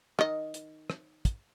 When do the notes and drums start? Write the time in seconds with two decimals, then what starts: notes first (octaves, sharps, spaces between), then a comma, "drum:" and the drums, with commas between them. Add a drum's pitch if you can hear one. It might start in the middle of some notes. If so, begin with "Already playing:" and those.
0.19 D#3 D#5, drum: rim click
0.54 drum: hi-hat
0.90 drum: rim click
1.25 drum: kick, hi-hat